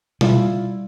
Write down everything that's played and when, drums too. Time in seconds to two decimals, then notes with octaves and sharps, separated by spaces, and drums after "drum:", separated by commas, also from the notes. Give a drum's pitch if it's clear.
0.21 G3 E4 F4, drum: tom B2